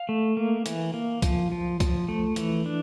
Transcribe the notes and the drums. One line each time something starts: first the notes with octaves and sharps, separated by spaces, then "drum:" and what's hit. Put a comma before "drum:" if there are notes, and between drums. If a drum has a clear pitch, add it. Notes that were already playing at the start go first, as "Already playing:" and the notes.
Already playing: F5
A3
A#3
E3, drum: hi-hat
A#3
F3, drum: kick C2, hi-hat
F3
F3, drum: kick C2, hi-hat
A3
E3, drum: hi-hat
D4